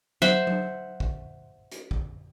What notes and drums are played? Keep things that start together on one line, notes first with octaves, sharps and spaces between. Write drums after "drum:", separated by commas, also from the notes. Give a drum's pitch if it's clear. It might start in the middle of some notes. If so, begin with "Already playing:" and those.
C5 E5 F#5, drum: tom F#3
drum: tom F#3
drum: kick
drum: hi-hat
drum: kick